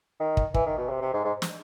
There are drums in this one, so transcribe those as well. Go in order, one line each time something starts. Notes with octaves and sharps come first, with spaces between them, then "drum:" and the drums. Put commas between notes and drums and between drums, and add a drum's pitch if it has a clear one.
D#3
drum: kick
E3, drum: kick
D#3
B2
C3
C3
G#2
G#2
drum: snare